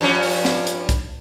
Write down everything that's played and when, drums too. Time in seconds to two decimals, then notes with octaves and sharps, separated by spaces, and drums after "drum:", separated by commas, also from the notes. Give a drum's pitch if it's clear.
0.01 G2 F3 C#4
0.23 drum: open hi-hat
0.45 drum: snare
0.67 drum: hi-hat
0.89 drum: kick, hi-hat